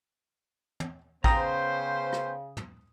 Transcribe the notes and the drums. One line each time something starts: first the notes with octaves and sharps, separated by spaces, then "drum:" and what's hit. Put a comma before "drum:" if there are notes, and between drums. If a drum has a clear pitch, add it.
drum: tom
C#3 B3 C#4 C5 G5 A#5 D#6, drum: kick
drum: rim click
drum: tom